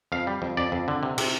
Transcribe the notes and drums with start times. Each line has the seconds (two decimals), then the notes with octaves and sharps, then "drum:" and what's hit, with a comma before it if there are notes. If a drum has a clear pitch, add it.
0.12 F2 F5
0.27 G3
0.42 F2
0.57 F2 D5
0.72 F2
0.88 D3
1.03 C3
1.18 C3, drum: cymbal